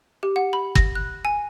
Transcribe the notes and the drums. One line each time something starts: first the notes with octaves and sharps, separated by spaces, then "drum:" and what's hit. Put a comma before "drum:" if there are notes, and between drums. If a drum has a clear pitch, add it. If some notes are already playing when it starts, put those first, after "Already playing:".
G4
F#5
B5
A#6, drum: kick
F#6
G#5